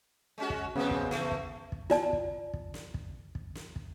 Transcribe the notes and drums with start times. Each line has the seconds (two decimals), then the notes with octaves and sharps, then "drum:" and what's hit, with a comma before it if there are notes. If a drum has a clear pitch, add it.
0.38 G#3 C#4 F#4
0.50 drum: kick
0.75 F2 C#3 G#3 B3 C4
0.91 drum: kick
1.11 E3 A3 A#3, drum: snare
1.31 drum: kick
1.72 drum: kick
1.90 F4 D5 A5, drum: snare
2.13 drum: kick
2.54 drum: kick
2.74 drum: snare
2.94 drum: kick
3.35 drum: kick
3.55 drum: snare
3.76 drum: kick